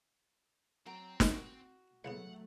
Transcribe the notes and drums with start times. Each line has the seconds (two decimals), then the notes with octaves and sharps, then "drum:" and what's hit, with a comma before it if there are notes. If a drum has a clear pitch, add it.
0.86 F#3 C4 G5 A#5
1.20 drum: snare
1.31 D#3 F#4
2.05 C2 C#3 F#3 A3 B3 F#5